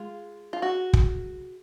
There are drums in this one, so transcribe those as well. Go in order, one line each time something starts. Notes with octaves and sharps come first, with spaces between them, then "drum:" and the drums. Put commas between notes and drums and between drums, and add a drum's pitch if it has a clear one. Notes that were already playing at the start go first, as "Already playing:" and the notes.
Already playing: G#3 F4
F4
F#4
drum: kick